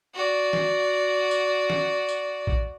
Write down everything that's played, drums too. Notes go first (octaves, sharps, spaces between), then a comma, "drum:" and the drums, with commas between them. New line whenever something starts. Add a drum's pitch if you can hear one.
F#4 D5
drum: snare
drum: tambourine
drum: snare
drum: tambourine
drum: kick